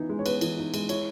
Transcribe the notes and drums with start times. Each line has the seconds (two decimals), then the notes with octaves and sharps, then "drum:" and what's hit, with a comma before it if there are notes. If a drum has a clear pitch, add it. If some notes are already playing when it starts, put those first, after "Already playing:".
Already playing: E3 B3 D#4
0.09 G#3
0.19 C#5
0.26 B3 B4, drum: cymbal
0.41 E3, drum: cymbal
0.58 D#4
0.74 G#3, drum: cymbal
0.89 E4 C#5, drum: cymbal